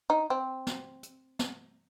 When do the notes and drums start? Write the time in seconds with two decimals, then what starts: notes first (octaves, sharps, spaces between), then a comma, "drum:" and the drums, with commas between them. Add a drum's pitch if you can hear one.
0.10 D#4
0.30 C4
0.67 drum: snare
1.03 drum: hi-hat
1.39 drum: snare